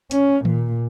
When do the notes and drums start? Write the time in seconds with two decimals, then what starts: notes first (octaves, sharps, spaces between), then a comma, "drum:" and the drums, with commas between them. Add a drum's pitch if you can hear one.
0.11 C#4, drum: hi-hat
0.45 A#2, drum: tom D#3